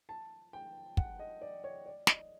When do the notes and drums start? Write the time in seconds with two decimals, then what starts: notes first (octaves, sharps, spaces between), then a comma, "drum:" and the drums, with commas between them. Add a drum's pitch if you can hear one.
0.09 A5
0.53 G5
0.97 F#5, drum: kick
1.19 D#5
1.41 D5
1.64 C#5
1.86 D5
2.07 D#5, drum: snare